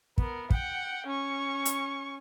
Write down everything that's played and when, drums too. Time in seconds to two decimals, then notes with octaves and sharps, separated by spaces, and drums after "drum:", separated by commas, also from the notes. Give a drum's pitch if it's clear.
0.18 B3 A#4, drum: kick
0.50 F#5 G5, drum: kick
1.06 C#4 C#6
1.65 drum: hi-hat